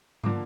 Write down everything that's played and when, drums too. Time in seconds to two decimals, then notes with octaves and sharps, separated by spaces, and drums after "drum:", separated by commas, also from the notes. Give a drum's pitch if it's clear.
0.24 D3 F3 A#3 D6, drum: tom